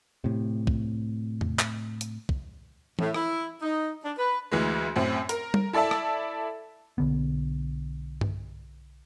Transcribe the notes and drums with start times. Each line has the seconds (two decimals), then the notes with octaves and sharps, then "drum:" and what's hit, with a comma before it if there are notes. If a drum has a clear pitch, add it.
0.24 A2 C3
0.67 drum: kick
1.41 drum: tom E2
1.59 drum: clap
2.01 drum: hi-hat
2.29 drum: kick
2.99 A2, drum: tom E3
3.14 E4, drum: rim click
3.61 D#4
4.03 D4
4.17 B4
4.52 D2 E3 G#3
4.96 F#2 A2 C4
5.29 A#4, drum: hi-hat
5.54 drum: tom G3
5.73 E4 A4 D5 E5 A5
5.91 drum: rim click
6.98 B1 D3 B3
8.21 drum: tom G2